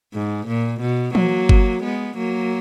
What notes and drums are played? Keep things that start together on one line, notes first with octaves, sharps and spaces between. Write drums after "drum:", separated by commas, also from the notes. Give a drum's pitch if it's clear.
G#2
A#2
B2
F#3 A#3, drum: tom E3
drum: kick G1
G#3 B3
F#3 A#3